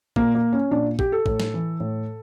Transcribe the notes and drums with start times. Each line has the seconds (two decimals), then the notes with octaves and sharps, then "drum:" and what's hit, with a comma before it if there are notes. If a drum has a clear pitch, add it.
0.16 A#2 A#3, drum: kick
0.35 A#3
0.53 C#4
0.71 A#2 D4
0.99 G4, drum: kick
1.12 A4
1.26 A2, drum: kick
1.40 drum: snare
1.54 E3
1.80 A2